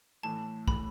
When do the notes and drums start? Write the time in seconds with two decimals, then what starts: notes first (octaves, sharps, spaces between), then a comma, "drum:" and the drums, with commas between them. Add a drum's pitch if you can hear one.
0.23 A2 E3 A3 A5
0.68 A2 E3 A3 B5, drum: kick